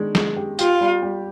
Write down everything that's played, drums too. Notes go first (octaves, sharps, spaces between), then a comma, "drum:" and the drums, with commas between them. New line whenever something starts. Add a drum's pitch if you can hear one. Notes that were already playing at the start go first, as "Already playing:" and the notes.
Already playing: D#3 G#3 D4
G#3, drum: snare
G4
F4 G4, drum: tambourine
G3
G3